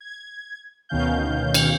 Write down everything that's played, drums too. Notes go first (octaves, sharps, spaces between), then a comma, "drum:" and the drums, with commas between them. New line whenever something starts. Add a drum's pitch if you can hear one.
G#6
D2 B2 D#3 C#4 F5 G6
drum: cymbal